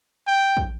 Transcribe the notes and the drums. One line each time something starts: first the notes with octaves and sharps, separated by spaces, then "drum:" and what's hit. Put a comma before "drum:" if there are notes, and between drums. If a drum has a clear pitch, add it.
G5
drum: kick